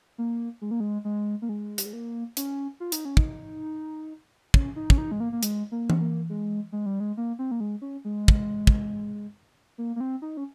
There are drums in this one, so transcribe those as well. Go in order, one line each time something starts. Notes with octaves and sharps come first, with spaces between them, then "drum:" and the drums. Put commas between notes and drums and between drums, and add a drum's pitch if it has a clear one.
A#3
G#3
A#3
G#3
G#3
A#3
G#3
G3, drum: hi-hat
G#3
A#3
C#4, drum: hi-hat
F4
D#4, drum: hi-hat
C#4
D#4, drum: kick
C#4, drum: kick
D#4
C#4, drum: kick
D#4
G#3
A#3
A#3
G#3, drum: hi-hat
A#3
drum: tom E3
A#3
G#3
G#3
G3
G#3
A#3
C4
A#3
G#3
C#4
G#3
drum: kick
drum: kick
A#3
A#3
C4
D#4
C#4